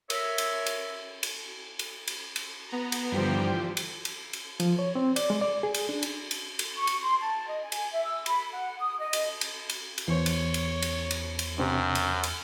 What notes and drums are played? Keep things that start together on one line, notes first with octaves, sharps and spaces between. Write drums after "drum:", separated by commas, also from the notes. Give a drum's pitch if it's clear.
A#4 C#5 E5, drum: cymbal
drum: cymbal
drum: cymbal
drum: cymbal
drum: cymbal
drum: cymbal
drum: cymbal
B3 A#5
drum: cymbal
G2 D3 E3 F3 G4 C5 G5
drum: cymbal
drum: cymbal
drum: cymbal
F3, drum: cymbal
C#5
C4
D5, drum: cymbal
G#3
D5
G#4
drum: cymbal
D4
drum: cymbal
drum: cymbal
drum: cymbal
C#6
drum: cymbal
C6
A5
D#5
G#5
drum: cymbal
E5
E6
B5, drum: cymbal
F#5
D#6
D#5
drum: cymbal
drum: cymbal
drum: cymbal
drum: cymbal
E2 E3 C5 C#5
drum: cymbal
drum: cymbal
drum: cymbal
drum: cymbal
drum: cymbal
F#2 C3 C4 D4
drum: cymbal
drum: cymbal